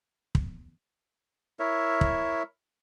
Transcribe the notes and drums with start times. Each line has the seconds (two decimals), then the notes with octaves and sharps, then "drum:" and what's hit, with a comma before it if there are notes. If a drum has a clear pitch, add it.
0.35 drum: kick
1.60 E4 A#4 C#5 E5
2.01 drum: kick